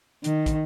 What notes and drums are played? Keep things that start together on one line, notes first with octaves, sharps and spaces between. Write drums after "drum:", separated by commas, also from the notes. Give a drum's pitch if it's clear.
D#3, drum: hi-hat
drum: kick, hi-hat